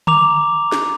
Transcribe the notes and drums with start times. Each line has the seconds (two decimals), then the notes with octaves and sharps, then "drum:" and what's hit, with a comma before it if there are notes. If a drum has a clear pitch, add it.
0.07 A#5 D6 F7, drum: tom D3
0.72 drum: snare